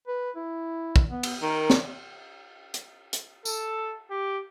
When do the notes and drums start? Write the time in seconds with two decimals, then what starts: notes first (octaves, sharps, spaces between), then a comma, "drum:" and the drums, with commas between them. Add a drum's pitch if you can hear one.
0.07 B4
0.36 E4
0.96 drum: kick
1.10 B3
1.23 drum: cymbal
1.42 D#3 A#4
1.70 drum: snare
2.74 drum: hi-hat
3.13 drum: hi-hat
3.45 A4, drum: tambourine
4.10 G4